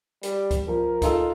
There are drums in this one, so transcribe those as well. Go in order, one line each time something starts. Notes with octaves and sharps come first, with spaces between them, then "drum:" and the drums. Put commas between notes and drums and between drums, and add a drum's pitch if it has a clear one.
G3, drum: hi-hat
drum: kick C#2, hi-hat
F3 A#4
D#4 F4 A4, drum: kick C#2, hi-hat